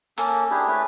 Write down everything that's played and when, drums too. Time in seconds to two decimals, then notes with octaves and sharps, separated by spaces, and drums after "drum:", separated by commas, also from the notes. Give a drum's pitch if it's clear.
0.18 A#3 C#4 A4, drum: hi-hat
0.51 D4 E4 G4 G#4
0.68 A3 C#4 E4 B4